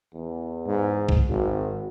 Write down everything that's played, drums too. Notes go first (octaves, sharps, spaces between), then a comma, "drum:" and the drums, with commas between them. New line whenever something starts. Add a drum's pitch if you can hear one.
E2
G#2
drum: kick A#1
G#1 F#4